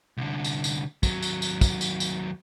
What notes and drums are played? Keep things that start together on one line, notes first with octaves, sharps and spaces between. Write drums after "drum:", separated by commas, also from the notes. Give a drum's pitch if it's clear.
C2 D3
drum: tambourine
drum: tambourine
D#2 F#3, drum: kick, tambourine
drum: tambourine
drum: tambourine
drum: kick, tambourine
drum: tambourine
drum: tambourine